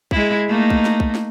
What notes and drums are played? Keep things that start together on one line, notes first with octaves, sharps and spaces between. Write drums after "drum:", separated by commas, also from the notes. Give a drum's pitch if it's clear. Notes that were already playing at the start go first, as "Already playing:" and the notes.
G#3 E4, drum: kick
A3 A#3 D#4
drum: kick
drum: snare
drum: kick
drum: snare